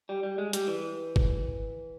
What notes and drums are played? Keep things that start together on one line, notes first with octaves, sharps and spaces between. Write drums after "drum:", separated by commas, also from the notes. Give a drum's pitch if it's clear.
G3
G3
G#3
G3, drum: hi-hat
E3
drum: kick G1